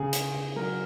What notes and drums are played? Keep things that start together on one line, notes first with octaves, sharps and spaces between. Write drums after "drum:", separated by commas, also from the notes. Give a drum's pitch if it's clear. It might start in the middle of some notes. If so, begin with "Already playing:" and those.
Already playing: C#3 G#4
C#3, drum: hi-hat
C#3
F#3 A#4